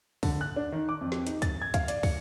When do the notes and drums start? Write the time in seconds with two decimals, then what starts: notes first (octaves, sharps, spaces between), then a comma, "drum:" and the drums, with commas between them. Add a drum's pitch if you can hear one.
0.23 D3, drum: kick, open hi-hat
0.41 F#6
0.56 D4
0.72 D#3
0.89 D6
1.01 F2
1.12 drum: snare
1.27 D#4, drum: hi-hat
1.42 A6, drum: kick, hi-hat
1.62 G#6
1.74 F5, drum: kick, hi-hat
1.88 D5, drum: hi-hat
2.03 C#7, drum: kick, open hi-hat